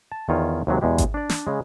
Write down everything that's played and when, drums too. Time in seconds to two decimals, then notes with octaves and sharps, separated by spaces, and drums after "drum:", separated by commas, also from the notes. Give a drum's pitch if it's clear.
0.12 A5
0.29 E2 D#3 F4 C#5
0.67 D#2 C3 F#3 G#3
0.81 E2 B2 G#3 G4
0.98 drum: kick G#1, hi-hat
1.14 D4 D5
1.29 drum: snare
1.47 C#3 G#3